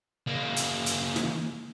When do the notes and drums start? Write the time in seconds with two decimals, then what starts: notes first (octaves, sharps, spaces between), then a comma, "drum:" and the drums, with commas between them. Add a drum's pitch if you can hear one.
0.27 C#3 A#3
0.56 drum: hi-hat
0.86 drum: hi-hat
1.16 drum: snare